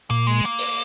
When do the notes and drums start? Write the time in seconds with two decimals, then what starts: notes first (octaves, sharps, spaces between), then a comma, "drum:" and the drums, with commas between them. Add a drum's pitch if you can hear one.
0.10 A#2 A#3
0.27 G#3
0.45 A#3
0.58 drum: open hi-hat